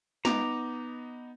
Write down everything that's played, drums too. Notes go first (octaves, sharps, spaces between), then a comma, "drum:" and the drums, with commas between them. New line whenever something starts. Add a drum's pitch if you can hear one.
B3 D#4 A#5 D6, drum: snare